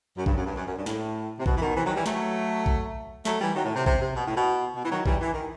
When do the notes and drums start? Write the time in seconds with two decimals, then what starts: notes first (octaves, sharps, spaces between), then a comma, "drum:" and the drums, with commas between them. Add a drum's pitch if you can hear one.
0.17 F#2
0.26 G2, drum: kick A#1
0.37 F#2
0.46 G2
0.57 F#2
0.67 F#2
0.77 G2
0.86 A2, drum: snare
1.39 C3
1.46 B2, drum: kick A#1
1.57 E3
1.61 B2 D#3
1.76 C3 E3
1.86 D#3 F#3
1.96 E3 G3
2.06 F#3 A3, drum: snare
2.66 drum: kick A#1
3.25 F#3 A3, drum: snare
3.41 E3 G3
3.55 D#3 F#3
3.65 A2
3.76 C3
3.86 C3, drum: kick A#1
4.01 C3
4.16 B2
4.27 A2
4.37 B2
4.76 B2
4.85 E3
4.91 D#3 F#3
5.06 E3 G3, drum: kick A#1
5.21 E3
5.33 D#3